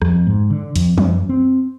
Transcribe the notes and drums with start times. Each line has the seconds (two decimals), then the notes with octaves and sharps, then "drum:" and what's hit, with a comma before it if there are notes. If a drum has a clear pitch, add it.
0.02 F2, drum: rim click
0.27 G#2
0.50 D3
0.76 F2, drum: hi-hat
0.98 F#2, drum: tom
1.29 C4